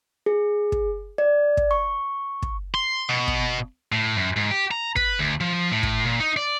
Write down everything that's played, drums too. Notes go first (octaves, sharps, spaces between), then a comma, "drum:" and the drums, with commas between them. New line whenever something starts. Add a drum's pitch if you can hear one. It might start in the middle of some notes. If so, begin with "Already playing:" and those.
G#4
drum: kick
D5
drum: kick
C#6
drum: kick
C6
B2
drum: kick
A2
F#2
G#2
G4
A#5
B4, drum: kick
D2
F3
A2
drum: kick
A#2
D#4
D5